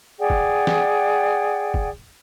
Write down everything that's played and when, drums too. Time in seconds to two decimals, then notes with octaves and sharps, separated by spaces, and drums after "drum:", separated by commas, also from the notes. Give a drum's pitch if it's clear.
0.20 G#4 D5 F#5 G5
0.30 drum: kick
0.67 drum: snare
1.74 drum: kick